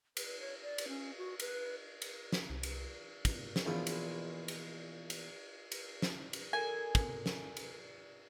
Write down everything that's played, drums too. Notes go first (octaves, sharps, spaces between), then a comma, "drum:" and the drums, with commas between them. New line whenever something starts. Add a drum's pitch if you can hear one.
B4, drum: cymbal
C#5
D5
drum: cymbal
C#4
F#4
B4, drum: cymbal
drum: cymbal
drum: snare
C2
drum: cymbal
drum: kick, cymbal
drum: snare
A#1 E2 B2 F4
drum: cymbal
drum: cymbal
drum: cymbal
drum: cymbal
drum: snare
drum: cymbal
A4 A#4 G#5
drum: kick, cymbal
drum: snare
drum: cymbal